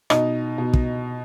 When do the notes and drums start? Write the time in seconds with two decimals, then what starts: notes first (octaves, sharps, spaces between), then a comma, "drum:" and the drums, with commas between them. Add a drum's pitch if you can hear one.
0.10 B2 D#4 D#5, drum: rim click
0.58 B2
0.73 drum: kick